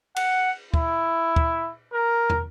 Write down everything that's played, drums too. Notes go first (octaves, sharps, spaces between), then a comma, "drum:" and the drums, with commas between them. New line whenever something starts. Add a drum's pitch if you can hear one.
F#5, drum: cymbal
E4, drum: kick
drum: kick
A#4
drum: tom